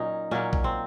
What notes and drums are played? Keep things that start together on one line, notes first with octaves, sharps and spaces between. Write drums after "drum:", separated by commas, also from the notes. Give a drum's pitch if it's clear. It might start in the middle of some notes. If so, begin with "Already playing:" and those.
Already playing: A#2 F#3 A#3 C#4 D#4
A#2 F#3 A#3 C#4
drum: kick A#1
C4